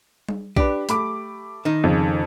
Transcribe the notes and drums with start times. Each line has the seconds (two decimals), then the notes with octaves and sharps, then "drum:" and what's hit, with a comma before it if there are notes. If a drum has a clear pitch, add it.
0.29 drum: tom G3
0.56 D4 G4 B4, drum: kick A#1
0.89 A3 B5 D6, drum: hi-hat
1.65 D#3 D#4
1.84 F2 C#3